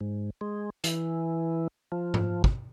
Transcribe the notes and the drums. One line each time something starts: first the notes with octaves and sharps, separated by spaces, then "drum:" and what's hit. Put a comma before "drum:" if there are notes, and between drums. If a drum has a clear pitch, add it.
G#2
G#3
E3, drum: hi-hat
F3
drum: tom G#2
drum: kick